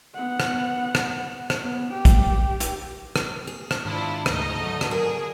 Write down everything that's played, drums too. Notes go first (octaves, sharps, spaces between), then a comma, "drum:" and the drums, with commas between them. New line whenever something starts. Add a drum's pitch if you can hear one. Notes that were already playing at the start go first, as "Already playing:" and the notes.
B3 F#5
drum: rim click
drum: rim click
drum: rim click
B3
G4
drum: kick, hi-hat
drum: hi-hat
drum: rim click
G#4
drum: rim click
G#2 D#3 D4 E4 F4
D2 C#3 A3 D#4 D#5, drum: rim click
D3 F#3
drum: rim click
G#4 A#4